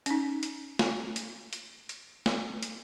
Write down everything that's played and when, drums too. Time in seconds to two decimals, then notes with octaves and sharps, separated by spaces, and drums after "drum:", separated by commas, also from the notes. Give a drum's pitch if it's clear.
0.06 C#4 D#4, drum: hi-hat
0.43 drum: hi-hat
0.79 drum: snare
1.16 drum: hi-hat
1.53 drum: hi-hat
1.89 drum: hi-hat
2.26 drum: snare
2.63 drum: hi-hat